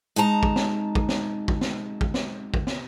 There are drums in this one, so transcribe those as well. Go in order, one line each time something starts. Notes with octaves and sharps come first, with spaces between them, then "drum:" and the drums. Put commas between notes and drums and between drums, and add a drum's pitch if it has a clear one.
G#3 D#4 A5 A#5
drum: kick
drum: snare
drum: kick
drum: snare
drum: kick
drum: snare
drum: kick
drum: snare
drum: kick
drum: snare